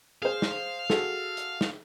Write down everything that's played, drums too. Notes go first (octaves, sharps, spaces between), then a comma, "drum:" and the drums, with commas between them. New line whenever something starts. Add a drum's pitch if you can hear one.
G#4 C5 F5
drum: snare
F#4 G#4 A4, drum: snare
drum: hi-hat
drum: snare